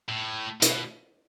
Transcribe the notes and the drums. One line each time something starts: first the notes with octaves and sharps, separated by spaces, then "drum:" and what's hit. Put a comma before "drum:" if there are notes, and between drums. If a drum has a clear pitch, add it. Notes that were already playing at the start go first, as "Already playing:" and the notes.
A2
B2, drum: hi-hat